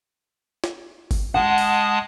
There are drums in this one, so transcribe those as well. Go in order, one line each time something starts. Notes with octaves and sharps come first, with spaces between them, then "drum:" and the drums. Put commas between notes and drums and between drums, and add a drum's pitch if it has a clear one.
drum: snare
drum: kick G1, open hi-hat
G#3 F#5 A5 D#6
drum: open hi-hat